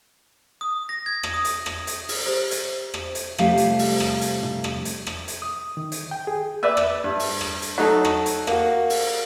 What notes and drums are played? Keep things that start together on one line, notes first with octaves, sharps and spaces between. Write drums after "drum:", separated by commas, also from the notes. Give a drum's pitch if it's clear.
D#6
A#6
G#6
drum: rim click
D#6
drum: hi-hat
drum: rim click
drum: hi-hat
drum: open hi-hat
G4 C5
drum: hi-hat
drum: rim click
drum: hi-hat
C3 F3 G3 A3 F5, drum: rim click
drum: hi-hat
drum: open hi-hat
drum: rim click
drum: hi-hat
drum: tom
drum: rim click
drum: hi-hat
drum: rim click
drum: hi-hat
D#6
D#3
drum: hi-hat
G5
G#4
B4 D5 E5
drum: rim click
G2
drum: open hi-hat
drum: rim click
drum: hi-hat
F#3 A3 D#4 A4
drum: rim click
drum: hi-hat
A#3 F#4, drum: rim click
drum: open hi-hat